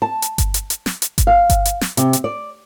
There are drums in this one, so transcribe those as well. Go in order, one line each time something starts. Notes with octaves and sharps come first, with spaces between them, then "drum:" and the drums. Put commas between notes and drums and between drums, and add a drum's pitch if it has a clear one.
A5
drum: hi-hat
drum: kick G1, hi-hat
drum: hi-hat
drum: hi-hat
drum: snare
drum: hi-hat
drum: kick G1, hi-hat
F5
drum: kick G1, hi-hat
drum: hi-hat
drum: snare
C3, drum: hi-hat
drum: hi-hat
D5